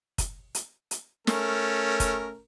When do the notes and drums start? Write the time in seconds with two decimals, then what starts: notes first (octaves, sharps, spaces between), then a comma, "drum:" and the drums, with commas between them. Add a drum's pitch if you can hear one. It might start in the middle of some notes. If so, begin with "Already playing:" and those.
0.18 drum: kick, hi-hat
0.55 drum: hi-hat
0.91 drum: hi-hat
1.27 A3 C#4 A#4, drum: snare
2.00 drum: kick, hi-hat